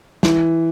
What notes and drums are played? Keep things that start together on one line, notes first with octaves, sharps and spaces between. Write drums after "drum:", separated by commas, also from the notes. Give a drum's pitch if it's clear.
E3, drum: snare